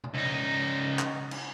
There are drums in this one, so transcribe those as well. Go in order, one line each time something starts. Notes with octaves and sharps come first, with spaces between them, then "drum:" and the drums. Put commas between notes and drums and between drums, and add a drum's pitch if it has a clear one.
drum: tom B2
C#2 D#4
drum: clap
drum: cymbal